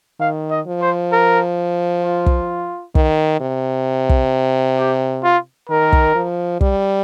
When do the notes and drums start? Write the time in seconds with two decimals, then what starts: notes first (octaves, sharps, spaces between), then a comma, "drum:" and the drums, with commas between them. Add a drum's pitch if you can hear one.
0.20 D#3 F5
0.51 D#5
0.67 F3
0.81 C5
1.12 A#4
2.04 F4
2.26 drum: kick
2.95 D#3, drum: kick
3.40 C3
4.09 drum: kick
4.78 G4
5.24 F4
5.69 D#3 A#4
5.92 drum: kick
6.15 F3
6.61 G3, drum: kick